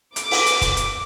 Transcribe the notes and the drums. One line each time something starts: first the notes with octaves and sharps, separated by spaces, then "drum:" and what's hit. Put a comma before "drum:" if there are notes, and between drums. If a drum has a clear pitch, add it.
D6, drum: hi-hat
drum: open hi-hat
drum: hi-hat
drum: kick, hi-hat
drum: hi-hat